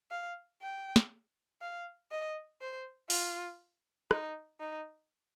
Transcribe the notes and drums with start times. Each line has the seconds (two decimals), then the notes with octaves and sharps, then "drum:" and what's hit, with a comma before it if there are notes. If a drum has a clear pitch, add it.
0.11 F5
0.62 G5
0.96 drum: snare
1.62 F5
2.11 D#5
2.61 C5
3.10 F4, drum: open hi-hat
4.11 D#4, drum: rim click
4.60 D#4